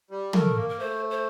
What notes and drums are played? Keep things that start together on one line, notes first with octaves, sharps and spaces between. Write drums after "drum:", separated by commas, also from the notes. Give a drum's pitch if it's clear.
G3
A3 A#4, drum: tom
A#3
A#4
A3 C5
C5